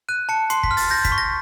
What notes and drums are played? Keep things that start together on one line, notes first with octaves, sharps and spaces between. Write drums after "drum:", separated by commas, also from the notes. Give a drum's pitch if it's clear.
F#6 D#7
A5 C#7
C6 C7, drum: hi-hat
B6, drum: kick
F6
A6, drum: open hi-hat
G6 A#6
B6, drum: kick, hi-hat
C#6
A#6